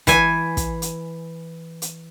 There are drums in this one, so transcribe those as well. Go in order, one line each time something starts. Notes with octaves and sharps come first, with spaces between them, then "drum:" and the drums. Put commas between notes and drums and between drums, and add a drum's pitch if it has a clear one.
E3 G#5, drum: kick, hi-hat
drum: kick, hi-hat
drum: hi-hat
drum: hi-hat